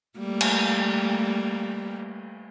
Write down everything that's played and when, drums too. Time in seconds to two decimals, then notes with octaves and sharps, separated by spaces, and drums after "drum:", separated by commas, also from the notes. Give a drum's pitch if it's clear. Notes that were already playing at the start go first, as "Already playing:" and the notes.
0.19 G3 A3 A#3
0.41 drum: cymbal